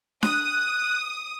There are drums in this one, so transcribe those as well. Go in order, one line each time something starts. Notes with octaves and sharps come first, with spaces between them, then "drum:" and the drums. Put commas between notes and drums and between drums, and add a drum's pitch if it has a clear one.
D#6 F#6, drum: snare D4